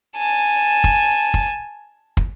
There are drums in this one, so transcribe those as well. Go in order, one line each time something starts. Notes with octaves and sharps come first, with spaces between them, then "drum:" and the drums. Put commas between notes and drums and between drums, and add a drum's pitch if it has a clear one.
G#5 A5
drum: kick
drum: kick
drum: kick